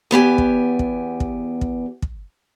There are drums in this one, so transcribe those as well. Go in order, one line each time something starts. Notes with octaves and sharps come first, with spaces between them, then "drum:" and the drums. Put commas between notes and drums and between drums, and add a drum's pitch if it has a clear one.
E2 B3 G4 G#5
drum: kick
drum: kick
drum: kick
drum: kick
drum: kick